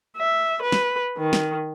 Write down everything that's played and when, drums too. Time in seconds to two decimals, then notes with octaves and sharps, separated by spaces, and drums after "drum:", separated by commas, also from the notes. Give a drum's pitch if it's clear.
0.17 E5
0.62 B4
0.72 drum: snare
1.18 D#3
1.33 drum: snare